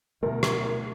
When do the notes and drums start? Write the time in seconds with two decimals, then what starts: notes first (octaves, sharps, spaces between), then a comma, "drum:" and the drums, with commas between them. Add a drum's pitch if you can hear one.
0.23 D2 B2 A3 A#4
0.43 drum: rim click